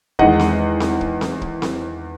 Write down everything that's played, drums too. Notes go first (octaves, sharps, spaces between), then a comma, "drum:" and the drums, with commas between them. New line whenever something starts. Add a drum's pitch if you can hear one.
E2 D#3 G#3 D#5 F#5, drum: kick
drum: snare C4
drum: snare C4
drum: kick
drum: snare C4
drum: kick
drum: snare C4